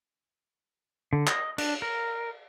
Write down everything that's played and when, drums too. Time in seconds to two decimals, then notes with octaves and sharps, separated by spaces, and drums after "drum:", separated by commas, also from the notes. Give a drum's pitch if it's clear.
1.13 D3
1.27 D#5, drum: clap
1.58 D4, drum: cymbal
1.82 A#4